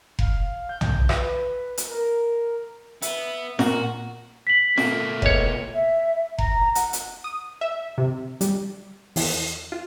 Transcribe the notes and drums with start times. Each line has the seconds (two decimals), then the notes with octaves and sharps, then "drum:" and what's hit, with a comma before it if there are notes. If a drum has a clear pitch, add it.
0.19 F5, drum: kick F1
0.69 G6
0.81 drum: tom B1
1.09 B4, drum: rim click
1.77 drum: hi-hat
1.88 A#4
3.02 B3 E5, drum: hi-hat
3.59 A#2 F#4 A#4 F#5, drum: snare
4.47 B6 F#7
4.77 B2 A3 A#3, drum: snare
5.22 C#2 C#5, drum: kick F1
5.73 E5
6.38 A#5, drum: kick F1
6.75 F#5, drum: hi-hat
6.93 drum: hi-hat
7.24 D#6
7.61 E5
7.98 C3
8.41 G3, drum: hi-hat
9.16 E2, drum: open hi-hat
9.72 F4